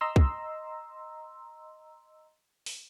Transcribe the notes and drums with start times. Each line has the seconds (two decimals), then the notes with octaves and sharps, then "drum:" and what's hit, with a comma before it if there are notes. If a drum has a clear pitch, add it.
0.01 D#5 A#5 C6 E6
0.16 drum: kick
2.66 drum: open hi-hat